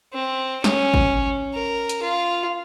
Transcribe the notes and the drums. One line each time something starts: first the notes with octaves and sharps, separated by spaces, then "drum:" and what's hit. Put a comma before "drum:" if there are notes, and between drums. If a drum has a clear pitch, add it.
C4
C#4, drum: snare
drum: kick G#1
A#4
drum: hi-hat
F4